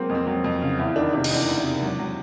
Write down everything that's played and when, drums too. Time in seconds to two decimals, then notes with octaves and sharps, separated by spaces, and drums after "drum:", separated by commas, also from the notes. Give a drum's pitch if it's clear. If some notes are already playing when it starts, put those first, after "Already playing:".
Already playing: F#3 G#3 A#3 C4
0.09 F2
0.14 C4
0.27 F#3 C4
0.44 F2
0.61 C#3
0.79 E2 E4
0.96 D#3 D4
1.13 C3 D4
1.24 D#4, drum: cymbal
1.31 E2 D4
1.48 E2
1.64 C3
1.82 F#3
1.99 F#3